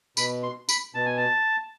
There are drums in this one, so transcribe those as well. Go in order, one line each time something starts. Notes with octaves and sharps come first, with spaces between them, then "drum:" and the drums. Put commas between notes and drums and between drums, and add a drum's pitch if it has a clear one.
B2 B5, drum: tambourine
C6
B5, drum: tambourine
B2 A5
G#5
A5